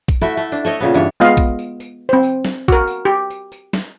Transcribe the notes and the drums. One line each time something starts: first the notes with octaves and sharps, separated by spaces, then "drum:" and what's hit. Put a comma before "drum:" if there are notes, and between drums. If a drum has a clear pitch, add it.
drum: kick A#1, tambourine
A3 E4 F#4
A3
D4, drum: tambourine
A3 C#5 D#5
A#2 C#3 B3
G2 E3 D4 C#5, drum: tambourine
G#3 B3 F4 D#5 F5
drum: kick A#1, tambourine
drum: tambourine
drum: tambourine
C4 C5
drum: tambourine
drum: snare
F#4 A#4, drum: kick A#1, tambourine
drum: tambourine
G4
drum: tambourine
drum: tambourine
drum: snare